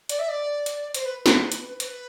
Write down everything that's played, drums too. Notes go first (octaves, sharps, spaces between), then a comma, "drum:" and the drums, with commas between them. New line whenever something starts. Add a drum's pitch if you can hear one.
D5, drum: hi-hat
E5
D5
drum: hi-hat
C5, drum: hi-hat
B4
B4, drum: snare
drum: hi-hat
C5, drum: hi-hat
B4